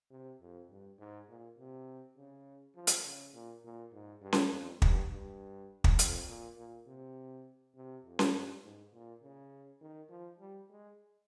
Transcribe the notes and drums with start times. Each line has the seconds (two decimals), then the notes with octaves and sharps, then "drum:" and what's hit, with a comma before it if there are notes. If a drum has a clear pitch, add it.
0.10 C3
0.41 F2
0.70 G2
0.99 G#2
1.29 A#2
1.58 C3
2.17 C#3
2.76 F3
2.87 drum: hi-hat
3.05 C#3
3.34 A#2
3.64 A#2
3.93 G#2
4.22 G2
4.33 drum: snare C#4
4.52 F2
4.82 G2, drum: kick
5.11 G2
5.84 drum: kick
5.99 F2, drum: hi-hat
6.28 A#2
6.57 A#2
6.87 C3
7.75 C3
8.05 F2
8.19 drum: snare C#4
8.33 G2
8.64 G#2
8.93 A#2
9.22 C#3
9.81 D#3
10.09 F3
10.40 G3
10.69 G#3